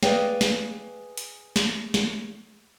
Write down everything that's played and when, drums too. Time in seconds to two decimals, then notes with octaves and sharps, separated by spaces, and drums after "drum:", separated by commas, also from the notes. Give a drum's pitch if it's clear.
0.03 G#4 B4 D5 D#5 F5 G5, drum: snare
0.41 drum: snare
1.17 drum: hi-hat
1.56 drum: snare
1.94 drum: snare